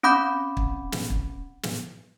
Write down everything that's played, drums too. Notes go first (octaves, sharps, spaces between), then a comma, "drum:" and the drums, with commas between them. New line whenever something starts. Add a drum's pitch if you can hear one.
C4 C#4 F#5 B5 D6 G6
drum: kick
drum: snare
drum: kick
drum: snare